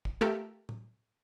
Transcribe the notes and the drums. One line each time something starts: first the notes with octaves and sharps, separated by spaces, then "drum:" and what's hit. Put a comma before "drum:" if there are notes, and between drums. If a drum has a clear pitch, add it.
drum: kick
A3 F4 G4 A4 A#4 E5
drum: tom A2